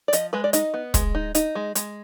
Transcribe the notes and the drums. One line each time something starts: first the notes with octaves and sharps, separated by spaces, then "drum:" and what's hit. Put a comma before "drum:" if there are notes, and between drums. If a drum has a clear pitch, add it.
D5
F3 D#5, drum: hi-hat
G#3 B4
D5
D#4 D#5, drum: hi-hat
B3
G#3, drum: kick, hi-hat
D#4
D#4, drum: hi-hat
G#3
G#3, drum: hi-hat